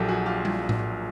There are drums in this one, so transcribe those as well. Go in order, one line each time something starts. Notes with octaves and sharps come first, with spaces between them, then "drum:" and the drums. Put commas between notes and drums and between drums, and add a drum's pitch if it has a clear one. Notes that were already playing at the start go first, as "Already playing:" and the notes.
Already playing: A#1 A#2 F#3 G4 A4
F#4 G#4
F4 G4
drum: tom G3
drum: tom A2